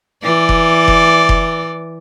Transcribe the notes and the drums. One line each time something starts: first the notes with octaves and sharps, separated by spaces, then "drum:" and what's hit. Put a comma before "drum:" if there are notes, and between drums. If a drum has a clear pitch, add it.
E3 D5
drum: kick F1
drum: kick F1
drum: kick F1